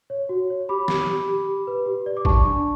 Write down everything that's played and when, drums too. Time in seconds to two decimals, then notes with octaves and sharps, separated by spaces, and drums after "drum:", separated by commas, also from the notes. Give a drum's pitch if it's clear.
0.10 C#5
0.29 F#4
0.50 C#5
0.69 G4 B5 D6
0.88 G4, drum: snare
1.08 G4
1.28 G4
1.48 G4
1.67 B4
1.86 G4
2.06 D5
2.17 D6
2.25 D5 A5 C#6, drum: kick A1
2.45 D4